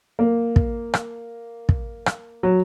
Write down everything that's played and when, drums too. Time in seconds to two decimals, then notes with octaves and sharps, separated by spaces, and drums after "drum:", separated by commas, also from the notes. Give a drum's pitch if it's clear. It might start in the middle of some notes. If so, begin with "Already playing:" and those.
0.19 A#3
0.56 drum: kick
0.94 drum: rim click
1.69 drum: kick
2.06 drum: rim click
2.43 F#3